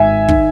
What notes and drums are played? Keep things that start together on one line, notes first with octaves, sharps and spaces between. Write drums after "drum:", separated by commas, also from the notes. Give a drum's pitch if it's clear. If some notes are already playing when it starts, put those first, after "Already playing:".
Already playing: G#1 E5 G#5
D#3, drum: kick